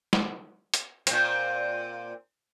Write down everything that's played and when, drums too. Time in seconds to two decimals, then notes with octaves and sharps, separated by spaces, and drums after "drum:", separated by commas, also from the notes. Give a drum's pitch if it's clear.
0.13 drum: snare
0.74 drum: hi-hat
1.07 A#2 C4, drum: hi-hat